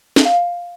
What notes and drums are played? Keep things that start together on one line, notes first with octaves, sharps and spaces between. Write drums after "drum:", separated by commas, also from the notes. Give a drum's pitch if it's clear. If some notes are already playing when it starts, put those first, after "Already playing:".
drum: snare
F5